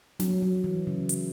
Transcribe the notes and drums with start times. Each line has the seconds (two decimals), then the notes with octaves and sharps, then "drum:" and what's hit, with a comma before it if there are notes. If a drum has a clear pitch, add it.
0.20 F#3, drum: snare
0.42 F#3
0.64 E3
0.87 C#3
1.09 drum: hi-hat